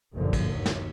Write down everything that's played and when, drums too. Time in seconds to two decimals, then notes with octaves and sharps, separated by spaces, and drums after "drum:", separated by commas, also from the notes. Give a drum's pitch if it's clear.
0.13 F#1 B1 G2 A#2 D3 F3
0.33 drum: kick, cymbal
0.49 D#2 F#3
0.66 drum: snare